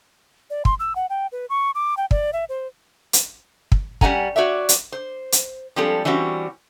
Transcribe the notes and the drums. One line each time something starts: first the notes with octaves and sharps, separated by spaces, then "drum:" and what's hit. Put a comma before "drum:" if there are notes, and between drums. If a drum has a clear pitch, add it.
D5
C6, drum: kick
E6
F#5
G5
B4
C#6
D6
G5
D5, drum: kick
E5
C5
drum: hi-hat
drum: kick
G3 C#4 E5 F#5 G#5 A#5, drum: kick
F#4 C#5 D5 E5
drum: hi-hat
C5
drum: hi-hat
F3 G3 G#3 C4 G4 A4
E3 G3 C4 C#4 F#4